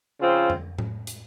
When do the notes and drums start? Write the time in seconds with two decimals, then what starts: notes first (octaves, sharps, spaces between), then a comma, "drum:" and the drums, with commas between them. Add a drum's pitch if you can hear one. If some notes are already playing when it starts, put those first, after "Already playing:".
0.21 C#3 F3 C4 F4
0.50 drum: tom F2
0.78 drum: tom A2
1.07 drum: hi-hat